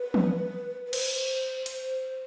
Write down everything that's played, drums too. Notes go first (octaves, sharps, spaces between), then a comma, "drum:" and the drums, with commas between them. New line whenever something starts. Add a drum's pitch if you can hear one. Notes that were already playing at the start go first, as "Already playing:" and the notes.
Already playing: B4
drum: tom E3
B4
C5, drum: cymbal
drum: hi-hat